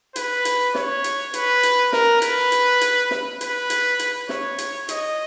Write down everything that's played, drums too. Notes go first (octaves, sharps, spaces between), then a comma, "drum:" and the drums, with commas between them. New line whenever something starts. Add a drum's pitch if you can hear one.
B4, drum: hi-hat
drum: hi-hat
C#5, drum: snare
drum: hi-hat
B4, drum: hi-hat
drum: hi-hat
A#4, drum: snare
B4, drum: hi-hat
drum: hi-hat
drum: hi-hat
drum: snare
B4, drum: hi-hat
drum: hi-hat
drum: hi-hat
C#5, drum: snare
drum: hi-hat
D#5, drum: hi-hat